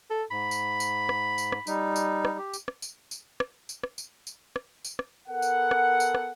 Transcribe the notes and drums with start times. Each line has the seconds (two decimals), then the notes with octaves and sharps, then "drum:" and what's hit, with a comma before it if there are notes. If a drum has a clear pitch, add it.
0.10 A4
0.31 G#2 B5
0.51 drum: tambourine
0.80 drum: tambourine
1.09 drum: rim click
1.38 drum: tambourine
1.52 drum: rim click
1.67 G3 D#4, drum: tambourine
1.96 drum: tambourine
2.25 drum: rim click
2.38 G4
2.53 drum: tambourine
2.68 drum: rim click
2.82 drum: tambourine
3.11 drum: tambourine
3.40 drum: rim click
3.69 drum: tambourine
3.83 drum: rim click
3.98 drum: tambourine
4.27 drum: tambourine
4.56 drum: rim click
4.85 drum: tambourine
4.99 drum: rim click
5.28 B3 A4 A#4 F#5
5.42 drum: tambourine
5.71 drum: rim click
6.00 drum: tambourine
6.15 drum: rim click